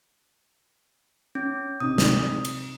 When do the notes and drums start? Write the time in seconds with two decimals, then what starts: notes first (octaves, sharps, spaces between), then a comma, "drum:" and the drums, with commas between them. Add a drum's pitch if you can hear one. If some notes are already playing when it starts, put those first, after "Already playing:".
1.35 C#4
1.80 C3 D#4 D#6
1.98 drum: snare
2.45 drum: cymbal